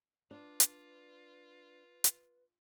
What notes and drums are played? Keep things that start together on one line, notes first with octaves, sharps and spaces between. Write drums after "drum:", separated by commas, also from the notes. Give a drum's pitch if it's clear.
D4 F4 B4
drum: hi-hat
drum: hi-hat